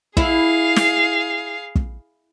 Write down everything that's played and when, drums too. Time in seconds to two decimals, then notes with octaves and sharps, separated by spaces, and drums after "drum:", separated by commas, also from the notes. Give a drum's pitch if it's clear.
0.17 E4 G#4 F5, drum: kick
0.76 drum: snare
1.76 drum: kick